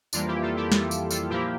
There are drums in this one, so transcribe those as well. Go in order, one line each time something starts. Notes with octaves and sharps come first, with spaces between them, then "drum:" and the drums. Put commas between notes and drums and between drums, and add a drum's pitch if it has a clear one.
F2 E3 G3 A#3 D4 F4, drum: tambourine
E4 G4
F4 A4
E4 G4
F4 A4, drum: snare
drum: tambourine
F4 A4, drum: tambourine
A#2 F3 A#3 E4 G4